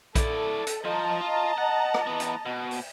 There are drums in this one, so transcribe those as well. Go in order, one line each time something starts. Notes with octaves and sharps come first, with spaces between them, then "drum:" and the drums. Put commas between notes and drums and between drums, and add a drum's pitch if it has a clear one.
E4 A4 D5, drum: kick A#1, hi-hat
drum: hi-hat
F3 C5 D#5 A5 A#5
F4
F#5
drum: rim click
E3 B3
drum: hi-hat
B2
drum: open hi-hat